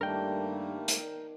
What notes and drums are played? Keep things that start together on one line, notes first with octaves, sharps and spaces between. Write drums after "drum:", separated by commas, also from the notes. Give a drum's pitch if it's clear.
G2 D#3 G3 A3 A#3 D4 A#4 G5
drum: hi-hat